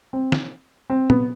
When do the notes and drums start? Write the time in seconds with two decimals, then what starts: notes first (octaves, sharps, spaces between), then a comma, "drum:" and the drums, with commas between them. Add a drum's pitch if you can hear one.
0.13 C4
0.32 drum: snare
0.90 C4
1.10 B3, drum: tom A#2